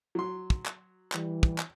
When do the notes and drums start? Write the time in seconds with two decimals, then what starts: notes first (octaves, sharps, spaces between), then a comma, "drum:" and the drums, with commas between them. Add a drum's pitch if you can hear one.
0.15 F#3 C6
0.50 drum: kick
0.66 drum: clap
1.12 E3 G3, drum: clap
1.43 drum: kick
1.58 drum: clap